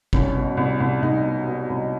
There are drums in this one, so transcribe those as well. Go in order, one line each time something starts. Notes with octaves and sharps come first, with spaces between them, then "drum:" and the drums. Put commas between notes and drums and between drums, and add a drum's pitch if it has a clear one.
C2 C#4, drum: kick G#1
B2
C2
C2
C2 D#4
B2
B2
C2